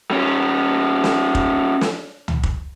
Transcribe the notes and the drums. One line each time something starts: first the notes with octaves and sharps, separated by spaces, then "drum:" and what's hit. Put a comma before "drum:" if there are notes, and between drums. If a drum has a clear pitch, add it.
G3 C#4
drum: snare
drum: kick
drum: snare
drum: tom C#2
drum: kick